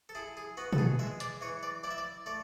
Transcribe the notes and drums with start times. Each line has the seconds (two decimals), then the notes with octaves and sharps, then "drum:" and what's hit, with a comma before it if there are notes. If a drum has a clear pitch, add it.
0.09 A4
0.15 E4 G#4
0.37 G#4
0.57 B3 F#4
0.73 A4, drum: tom A#2
0.78 G#4
0.99 G#3 E5
1.20 D5, drum: hi-hat
1.41 E3 C#5
1.63 D5
1.84 E4 D5
1.91 E5
1.98 D5
2.26 A3 D5